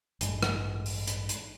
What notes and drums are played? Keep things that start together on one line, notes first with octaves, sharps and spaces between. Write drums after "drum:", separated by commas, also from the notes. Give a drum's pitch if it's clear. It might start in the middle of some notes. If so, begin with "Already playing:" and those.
A1 G2 G#3, drum: hi-hat
drum: rim click
drum: open hi-hat
drum: hi-hat
drum: hi-hat